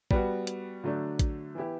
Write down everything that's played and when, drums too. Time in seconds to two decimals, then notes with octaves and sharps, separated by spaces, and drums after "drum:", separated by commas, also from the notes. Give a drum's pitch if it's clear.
0.11 G3 B3 F#4, drum: kick A1
0.47 drum: hi-hat
0.84 D3 F#3 A3 D4
1.19 drum: kick A1, hi-hat
1.55 E3 B3 E4 G4